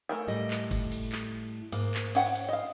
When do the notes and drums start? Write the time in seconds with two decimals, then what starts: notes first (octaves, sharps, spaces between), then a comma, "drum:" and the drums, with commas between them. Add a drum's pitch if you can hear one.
0.09 A3 A#4 G#5
0.28 A2 G3 D#5
0.51 drum: clap
0.71 drum: kick G1, cymbal
0.92 drum: cymbal
1.12 drum: clap
1.72 G#2 A#3, drum: cymbal
1.94 drum: clap
2.15 C#4 F#5 G5, drum: cymbal
2.35 drum: cymbal
2.49 D#5 F5